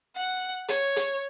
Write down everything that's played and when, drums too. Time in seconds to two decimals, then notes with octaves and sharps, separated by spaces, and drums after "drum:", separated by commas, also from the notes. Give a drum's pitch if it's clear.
0.16 F#5
0.68 C#5, drum: hi-hat
0.96 drum: hi-hat